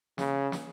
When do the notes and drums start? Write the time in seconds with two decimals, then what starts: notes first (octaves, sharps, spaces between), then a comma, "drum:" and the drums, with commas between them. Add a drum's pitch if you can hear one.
0.18 C#3, drum: snare
0.52 drum: snare